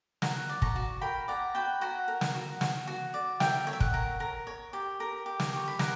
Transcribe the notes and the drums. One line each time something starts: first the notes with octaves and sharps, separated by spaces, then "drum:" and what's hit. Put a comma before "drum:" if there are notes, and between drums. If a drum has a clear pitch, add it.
F#4 F#5 A#5, drum: snare
D5
A#5 C#6, drum: kick
F#4
A#4 G5 B5
D5 F#5 A#5
F#4 G5 B5
F#4 F#5 A#5
A#4
drum: snare
F#4
F#4, drum: snare
F#4
D5
A#4 E5 G5, drum: snare
C#5
E5
F#5, drum: kick
A#4
A#4
C#5
G4
A#4
G4
drum: snare
G4 C#6
B5
A#4 F#5 A#5, drum: snare